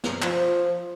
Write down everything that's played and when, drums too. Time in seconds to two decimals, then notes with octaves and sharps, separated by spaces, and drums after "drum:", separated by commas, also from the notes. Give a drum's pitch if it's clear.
0.04 drum: snare
0.22 F3, drum: clap